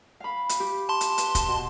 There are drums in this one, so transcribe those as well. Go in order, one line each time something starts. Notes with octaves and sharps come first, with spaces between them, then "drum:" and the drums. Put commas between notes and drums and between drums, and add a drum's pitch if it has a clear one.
F5 B5
drum: hi-hat
G4
A5 C6
drum: hi-hat
B4, drum: hi-hat
drum: kick, hi-hat
B2